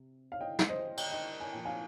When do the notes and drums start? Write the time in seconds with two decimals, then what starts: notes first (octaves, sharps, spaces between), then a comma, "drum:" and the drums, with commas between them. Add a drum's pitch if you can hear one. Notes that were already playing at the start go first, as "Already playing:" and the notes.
Already playing: C3
0.32 F5
0.41 D#5 G5
0.59 drum: snare
0.69 C5 D#5
0.97 D#5 G5, drum: cymbal
1.11 D#5 G5
1.40 G#5
1.52 A#2 F3 G5
1.65 F5 G#5